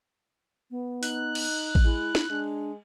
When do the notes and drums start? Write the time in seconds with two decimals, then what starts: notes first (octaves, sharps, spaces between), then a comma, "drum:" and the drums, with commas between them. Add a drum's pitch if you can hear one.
0.71 B3
1.03 D#4 F#6, drum: open hi-hat
1.35 drum: cymbal
1.75 drum: kick A1
1.84 G#3 E4
2.15 drum: snare
2.30 G#3 D4